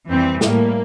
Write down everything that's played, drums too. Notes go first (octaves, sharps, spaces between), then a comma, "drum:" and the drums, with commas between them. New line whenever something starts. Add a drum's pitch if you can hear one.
F2 E3 G3 C4
A2 G3 A#3, drum: snare